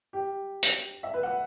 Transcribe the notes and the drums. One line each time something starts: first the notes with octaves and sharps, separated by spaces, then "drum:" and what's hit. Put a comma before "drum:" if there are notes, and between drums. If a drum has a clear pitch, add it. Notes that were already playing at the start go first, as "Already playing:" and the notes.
G4
drum: hi-hat
E5
B4
F#5